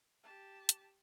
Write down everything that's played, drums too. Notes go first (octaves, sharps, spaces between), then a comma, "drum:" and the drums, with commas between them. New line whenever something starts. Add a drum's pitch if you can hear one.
G4 A5
drum: hi-hat